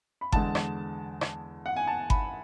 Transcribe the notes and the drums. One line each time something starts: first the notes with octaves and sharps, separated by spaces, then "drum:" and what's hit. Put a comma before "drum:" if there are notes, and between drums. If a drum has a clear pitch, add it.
B5
E2 D3 G#3 A5, drum: kick G1
drum: rim click
drum: rim click
F#5
G#5
A5
B5, drum: kick G1